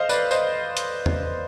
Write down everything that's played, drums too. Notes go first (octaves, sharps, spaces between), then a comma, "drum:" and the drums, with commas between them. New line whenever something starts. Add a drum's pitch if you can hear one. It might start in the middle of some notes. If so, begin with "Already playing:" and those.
Already playing: C5 D#5 F5
B4 D5, drum: tambourine
C5 D#5, drum: tambourine
drum: hi-hat
drum: tom E2